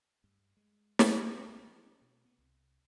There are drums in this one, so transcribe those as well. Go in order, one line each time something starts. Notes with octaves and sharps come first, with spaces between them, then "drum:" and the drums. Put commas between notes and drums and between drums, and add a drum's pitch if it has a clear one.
G2
G#3
C2, drum: snare
A1
F3
C#4
B2
B3
C2